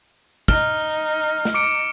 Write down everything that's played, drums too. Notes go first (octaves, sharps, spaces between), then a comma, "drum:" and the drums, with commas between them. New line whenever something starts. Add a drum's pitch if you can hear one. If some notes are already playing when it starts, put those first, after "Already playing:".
D#4 F6, drum: kick
drum: snare
D6 C#7 D7